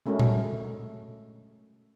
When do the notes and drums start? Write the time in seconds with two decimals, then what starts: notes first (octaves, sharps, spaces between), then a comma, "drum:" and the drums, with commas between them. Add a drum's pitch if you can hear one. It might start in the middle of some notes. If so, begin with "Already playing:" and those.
0.06 G#3 A3 C#4 F#4 A#4
0.19 drum: tom A#2